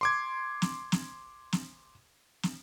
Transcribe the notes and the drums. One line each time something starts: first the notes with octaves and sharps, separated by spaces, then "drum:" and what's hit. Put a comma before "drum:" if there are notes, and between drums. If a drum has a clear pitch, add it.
C6 D6 G#6
drum: snare
drum: snare
drum: snare
drum: snare